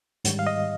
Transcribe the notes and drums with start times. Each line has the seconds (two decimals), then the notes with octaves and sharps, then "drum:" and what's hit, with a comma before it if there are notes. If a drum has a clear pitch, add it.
0.25 G#2 D#3 G3, drum: hi-hat
0.39 F5
0.47 D#5